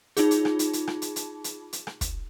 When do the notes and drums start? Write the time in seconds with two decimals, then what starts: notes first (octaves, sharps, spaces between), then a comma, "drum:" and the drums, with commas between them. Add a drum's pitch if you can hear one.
0.17 D#4 F4 G#4, drum: hi-hat
0.31 drum: hi-hat
0.45 drum: rim click
0.59 drum: hi-hat
0.73 drum: hi-hat
0.87 drum: rim click
1.02 drum: hi-hat
1.16 drum: hi-hat
1.44 drum: hi-hat
1.73 drum: hi-hat
1.87 drum: rim click
2.01 drum: kick, hi-hat